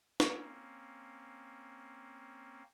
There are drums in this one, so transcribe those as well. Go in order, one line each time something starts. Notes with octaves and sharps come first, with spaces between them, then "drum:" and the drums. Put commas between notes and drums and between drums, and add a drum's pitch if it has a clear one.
A#3 C4 C#4, drum: snare